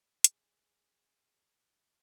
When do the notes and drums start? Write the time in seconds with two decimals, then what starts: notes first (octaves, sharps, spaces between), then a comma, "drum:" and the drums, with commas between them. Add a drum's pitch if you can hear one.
0.24 G#4, drum: hi-hat